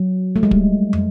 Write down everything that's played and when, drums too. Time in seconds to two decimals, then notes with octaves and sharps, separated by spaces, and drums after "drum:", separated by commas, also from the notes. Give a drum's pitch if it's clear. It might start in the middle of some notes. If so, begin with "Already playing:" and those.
Already playing: F#3
0.36 A3
0.43 G#3
0.51 G3, drum: kick
0.93 drum: tom